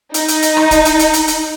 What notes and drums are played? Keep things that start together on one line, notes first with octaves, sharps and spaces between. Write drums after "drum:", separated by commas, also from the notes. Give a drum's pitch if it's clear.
D#4, drum: hi-hat
drum: hi-hat
drum: hi-hat
drum: rim click
drum: kick D1, hi-hat
drum: hi-hat
drum: hi-hat
drum: hi-hat
drum: hi-hat